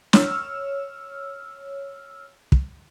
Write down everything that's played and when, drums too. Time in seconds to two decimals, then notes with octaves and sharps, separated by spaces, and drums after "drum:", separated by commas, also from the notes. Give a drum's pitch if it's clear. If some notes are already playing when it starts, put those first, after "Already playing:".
0.13 C#5 E6 F6, drum: snare
2.52 drum: kick